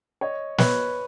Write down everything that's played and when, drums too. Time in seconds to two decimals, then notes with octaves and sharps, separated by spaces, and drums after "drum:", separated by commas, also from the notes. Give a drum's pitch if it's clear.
0.21 C#5 D#5
0.58 B4 C#5, drum: snare